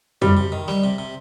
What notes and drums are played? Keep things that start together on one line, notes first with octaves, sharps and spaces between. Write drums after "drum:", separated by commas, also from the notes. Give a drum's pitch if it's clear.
C3 G3, drum: tom F2
C3
D#3
G3, drum: snare
C3
C3